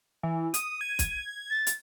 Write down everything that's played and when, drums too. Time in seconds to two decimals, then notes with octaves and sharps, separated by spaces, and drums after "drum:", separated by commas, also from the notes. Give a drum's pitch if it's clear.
0.23 E3
0.54 D#6 D#7, drum: hi-hat
0.81 G#6
0.99 drum: kick, hi-hat
1.50 A6
1.67 drum: hi-hat